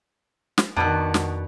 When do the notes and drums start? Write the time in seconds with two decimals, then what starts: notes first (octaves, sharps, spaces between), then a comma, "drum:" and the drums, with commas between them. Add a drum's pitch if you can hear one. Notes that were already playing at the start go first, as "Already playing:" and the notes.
0.58 drum: snare
0.76 F2 B2 D#3 B3 D4 F#4 A#5
1.14 drum: snare